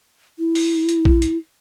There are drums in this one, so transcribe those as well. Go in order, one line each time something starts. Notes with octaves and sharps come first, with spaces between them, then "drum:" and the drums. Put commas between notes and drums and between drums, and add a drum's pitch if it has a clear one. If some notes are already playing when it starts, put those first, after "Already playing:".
E4
drum: open hi-hat
drum: hi-hat
drum: kick A#1
drum: hi-hat